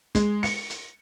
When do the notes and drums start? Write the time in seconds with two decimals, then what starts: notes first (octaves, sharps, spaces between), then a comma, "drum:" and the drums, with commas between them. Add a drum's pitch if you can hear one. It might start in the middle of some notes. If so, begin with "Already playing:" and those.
0.15 G#3, drum: kick, hi-hat
0.43 C#7, drum: open hi-hat
0.70 drum: hi-hat